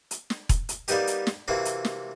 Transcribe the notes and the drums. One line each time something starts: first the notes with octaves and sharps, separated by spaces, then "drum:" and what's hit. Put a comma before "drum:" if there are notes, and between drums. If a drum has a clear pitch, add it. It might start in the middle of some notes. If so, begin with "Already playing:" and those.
drum: hi-hat
drum: snare
drum: kick E1, hi-hat
drum: hi-hat
G3 A#3 B3 D#4 G4, drum: hi-hat
drum: hi-hat
drum: snare
C3 E3 A#3 F#4
drum: hi-hat
drum: snare